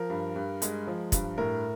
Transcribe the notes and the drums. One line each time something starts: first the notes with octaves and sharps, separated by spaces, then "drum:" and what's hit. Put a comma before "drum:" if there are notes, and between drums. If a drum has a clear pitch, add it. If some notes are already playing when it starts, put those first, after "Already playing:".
Already playing: F3 A#4
G2
G2
G#3, drum: hi-hat
F3
G2, drum: kick, hi-hat
A2 A#4